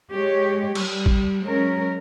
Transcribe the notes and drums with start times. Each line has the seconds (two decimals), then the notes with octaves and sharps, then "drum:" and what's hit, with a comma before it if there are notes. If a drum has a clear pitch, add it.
0.12 G#3 G4 C#5
0.75 G3, drum: cymbal
1.06 drum: kick A1
1.42 F#3 G#3 C#4 A#4